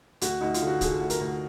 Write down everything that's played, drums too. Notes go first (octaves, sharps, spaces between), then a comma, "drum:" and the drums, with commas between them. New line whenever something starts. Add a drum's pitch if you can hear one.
D2 F#4, drum: hi-hat
D2 D#4
F4, drum: hi-hat
D3
F#4
D3 G#4, drum: kick, hi-hat
D2
A#4, drum: hi-hat
D2